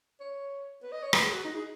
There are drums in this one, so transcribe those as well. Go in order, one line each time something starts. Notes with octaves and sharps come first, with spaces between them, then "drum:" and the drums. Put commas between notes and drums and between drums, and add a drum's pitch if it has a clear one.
C#5
B4
D#5
C#5
B4, drum: rim click
G#4
F#4
D#4
G#4